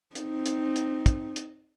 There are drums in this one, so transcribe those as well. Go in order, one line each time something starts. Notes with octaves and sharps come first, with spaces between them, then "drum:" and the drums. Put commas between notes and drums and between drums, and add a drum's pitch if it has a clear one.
C4 D#4, drum: hi-hat
drum: hi-hat
drum: hi-hat
drum: kick, hi-hat
drum: hi-hat